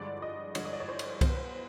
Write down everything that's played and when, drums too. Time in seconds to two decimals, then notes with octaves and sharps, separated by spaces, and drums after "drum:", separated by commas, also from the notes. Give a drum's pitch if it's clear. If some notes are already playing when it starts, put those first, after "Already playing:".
Already playing: G2 D3 F3 G#3 D5
0.22 D#5
0.55 G2 D3 F3 G#3 C#5, drum: cymbal
0.65 D#5
0.73 D5
0.80 C#5
0.88 C5
0.99 drum: cymbal
1.21 B2 F#3 B3 C5, drum: kick C2, cymbal
1.30 B4
1.37 C5